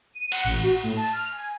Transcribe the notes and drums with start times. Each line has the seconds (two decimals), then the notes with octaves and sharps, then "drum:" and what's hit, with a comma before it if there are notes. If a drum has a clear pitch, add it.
0.14 D#7
0.32 F#5, drum: cymbal
0.44 A1
0.63 F#4
0.83 A2
0.97 A5
1.13 F6
1.32 G#5